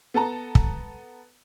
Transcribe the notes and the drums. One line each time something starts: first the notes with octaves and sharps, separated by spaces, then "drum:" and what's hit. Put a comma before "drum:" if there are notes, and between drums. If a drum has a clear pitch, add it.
B3 A4 A5 A#5
drum: kick